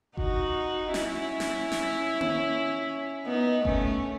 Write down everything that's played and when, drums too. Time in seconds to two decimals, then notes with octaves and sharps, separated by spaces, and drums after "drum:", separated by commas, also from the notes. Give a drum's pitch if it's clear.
0.17 D#4 F#4, drum: kick F#1
0.94 C#4 E4, drum: snare
1.40 drum: snare
1.72 drum: snare
2.21 drum: tom A#3
3.26 B3 D#4
3.65 A3 C#4, drum: kick F#1